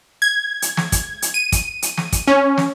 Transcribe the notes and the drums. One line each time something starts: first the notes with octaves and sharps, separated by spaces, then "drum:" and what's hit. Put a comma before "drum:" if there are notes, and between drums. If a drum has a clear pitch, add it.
G#6
drum: hi-hat
drum: snare
drum: kick, hi-hat
drum: hi-hat
D#7
drum: kick, hi-hat
drum: hi-hat
drum: snare
drum: kick, hi-hat
C#4
drum: snare